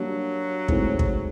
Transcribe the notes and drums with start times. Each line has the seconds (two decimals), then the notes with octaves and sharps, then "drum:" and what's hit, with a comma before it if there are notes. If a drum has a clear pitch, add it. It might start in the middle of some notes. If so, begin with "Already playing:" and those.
Already playing: F#3 G3 A#3 D4 F#4
0.68 A2 E3 G#3 C4 D#4, drum: kick
0.99 drum: kick